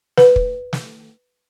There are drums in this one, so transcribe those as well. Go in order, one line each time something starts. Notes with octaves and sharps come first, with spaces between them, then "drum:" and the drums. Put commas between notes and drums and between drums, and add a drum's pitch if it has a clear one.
B4, drum: snare
drum: kick
drum: snare